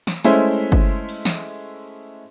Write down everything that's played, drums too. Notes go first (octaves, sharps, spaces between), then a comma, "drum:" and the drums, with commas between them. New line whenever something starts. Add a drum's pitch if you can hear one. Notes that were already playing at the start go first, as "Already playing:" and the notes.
drum: snare
G#3 A3 C#4 E4 C5 E5, drum: hi-hat
drum: kick G1
drum: cymbal
drum: snare